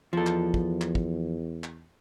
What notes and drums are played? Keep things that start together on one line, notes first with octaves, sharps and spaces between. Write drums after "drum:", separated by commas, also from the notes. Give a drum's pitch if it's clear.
E2 F3 A4
drum: clap
drum: kick
drum: clap
drum: kick
drum: clap